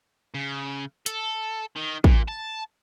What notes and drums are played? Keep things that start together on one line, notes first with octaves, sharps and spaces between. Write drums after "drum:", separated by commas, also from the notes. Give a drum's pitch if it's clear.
C#3
A4, drum: hi-hat
D#3
A#2, drum: kick
A5